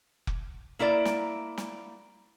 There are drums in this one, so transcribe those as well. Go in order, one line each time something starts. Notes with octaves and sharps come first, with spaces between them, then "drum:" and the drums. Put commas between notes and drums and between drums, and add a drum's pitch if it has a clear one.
drum: kick F1
A#3 E4 A#4 D5
drum: snare
drum: snare